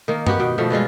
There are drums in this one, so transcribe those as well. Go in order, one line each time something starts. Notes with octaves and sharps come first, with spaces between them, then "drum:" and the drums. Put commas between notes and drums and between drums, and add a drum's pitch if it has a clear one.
D#3 A#3
B3 F#4 G4, drum: tom G2
B2 G5
B2 F3 A3
E3 G3 G#3 F4